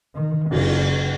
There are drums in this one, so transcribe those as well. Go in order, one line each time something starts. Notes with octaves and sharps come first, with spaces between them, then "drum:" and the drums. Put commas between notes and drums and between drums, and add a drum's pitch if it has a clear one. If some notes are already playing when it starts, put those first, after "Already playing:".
D#3
F#1, drum: cymbal